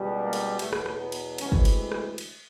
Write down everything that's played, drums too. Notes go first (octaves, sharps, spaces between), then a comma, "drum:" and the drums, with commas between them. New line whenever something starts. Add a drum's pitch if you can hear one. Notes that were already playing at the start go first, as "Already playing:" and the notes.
Already playing: C#2 B2 G3
A#3
drum: cymbal
E2 B2 F#3 A3, drum: cymbal
drum: rim click
drum: rim click
B3
drum: cymbal
D2 C3 E3 G#3 C#4, drum: cymbal
drum: kick
drum: cymbal
drum: rim click
drum: cymbal